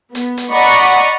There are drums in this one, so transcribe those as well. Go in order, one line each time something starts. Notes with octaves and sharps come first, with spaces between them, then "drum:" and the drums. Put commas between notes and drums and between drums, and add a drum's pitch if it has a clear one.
B3, drum: hi-hat
drum: hi-hat
D5 D#5 F#5 A#5 B5 C#6